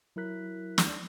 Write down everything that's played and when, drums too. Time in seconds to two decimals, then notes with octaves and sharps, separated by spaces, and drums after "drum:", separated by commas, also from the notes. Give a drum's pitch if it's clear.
0.16 F#3 E4 A#4 F#6 B6
0.78 drum: snare